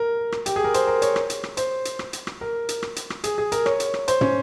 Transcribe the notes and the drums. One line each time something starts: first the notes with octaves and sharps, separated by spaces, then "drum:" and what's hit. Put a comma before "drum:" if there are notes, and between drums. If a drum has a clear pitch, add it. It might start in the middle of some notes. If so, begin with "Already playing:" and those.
Already playing: A#4
drum: rim click
G4, drum: hi-hat
G#4
A#4
C5, drum: hi-hat
A#4
C#5, drum: hi-hat
drum: rim click
drum: hi-hat
drum: rim click
C5, drum: hi-hat
drum: hi-hat
drum: rim click
drum: hi-hat
drum: rim click
A#4
drum: hi-hat
drum: rim click
drum: hi-hat
drum: rim click
G#4, drum: hi-hat
G#4
A#4, drum: hi-hat
C#5, drum: rim click
drum: hi-hat
drum: rim click
C5, drum: hi-hat
C#4, drum: tom